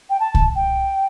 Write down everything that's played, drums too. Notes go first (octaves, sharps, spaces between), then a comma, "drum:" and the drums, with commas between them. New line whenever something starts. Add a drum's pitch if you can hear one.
G5
A5
drum: kick C2
G5